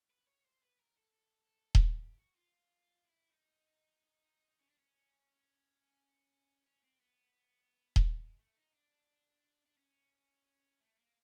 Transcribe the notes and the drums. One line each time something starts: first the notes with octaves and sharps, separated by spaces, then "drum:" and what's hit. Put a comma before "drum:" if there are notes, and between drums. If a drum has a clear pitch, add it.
B4
C#5
C5
B4
A#4
A4
drum: kick D#1
F#4
G4
F#4
F4
E4
D#4
C#4
D4
C#4
C#4
C4
B3
drum: kick D#1
G#3
A3
D#4
D4
D4
C#4
A3
A#3